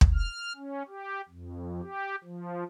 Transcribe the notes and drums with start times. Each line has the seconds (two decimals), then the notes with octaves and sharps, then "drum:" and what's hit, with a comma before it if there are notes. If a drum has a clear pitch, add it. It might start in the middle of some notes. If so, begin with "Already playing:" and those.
0.01 drum: kick
0.14 F6
0.56 C#4
0.88 G4
1.29 F2
1.81 G4
2.24 F3